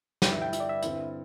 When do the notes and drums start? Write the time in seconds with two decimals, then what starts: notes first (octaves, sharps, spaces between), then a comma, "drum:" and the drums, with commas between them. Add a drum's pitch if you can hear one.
0.22 G2 D3 G3 E4 G5, drum: snare
0.33 E5
0.42 G5
0.53 E5, drum: hi-hat
0.60 D5
0.69 E5
0.82 G2 D3 C4 E4, drum: hi-hat